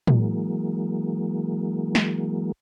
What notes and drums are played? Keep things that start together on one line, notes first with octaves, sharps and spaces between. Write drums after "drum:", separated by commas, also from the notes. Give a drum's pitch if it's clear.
E3 F#3 G#3 A#3, drum: tom
drum: snare